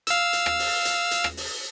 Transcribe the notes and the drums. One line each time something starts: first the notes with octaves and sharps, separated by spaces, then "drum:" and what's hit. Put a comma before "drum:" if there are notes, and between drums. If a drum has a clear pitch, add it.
F5 E6, drum: hi-hat
drum: hi-hat
drum: rim click
drum: open hi-hat
drum: hi-hat
drum: hi-hat
drum: rim click
drum: open hi-hat